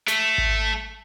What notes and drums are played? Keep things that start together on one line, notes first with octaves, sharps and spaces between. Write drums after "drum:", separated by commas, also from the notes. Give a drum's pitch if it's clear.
A3, drum: snare
drum: kick G#1